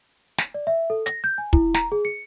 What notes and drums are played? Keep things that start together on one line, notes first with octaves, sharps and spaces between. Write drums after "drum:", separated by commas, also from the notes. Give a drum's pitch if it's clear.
drum: snare
D5
E5
A4
A#6, drum: hi-hat
G6
G#5
E4, drum: kick
A#5, drum: snare
G#4
C#7